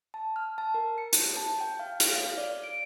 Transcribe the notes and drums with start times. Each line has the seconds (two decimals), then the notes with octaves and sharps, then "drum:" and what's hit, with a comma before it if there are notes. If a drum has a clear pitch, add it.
0.14 A5
0.36 F6
0.58 A5
0.74 A#4
0.98 C#7
1.13 G4, drum: hi-hat
1.37 A5
1.61 G5
1.80 F5
2.00 drum: hi-hat
2.15 F5
2.38 D5
2.64 D7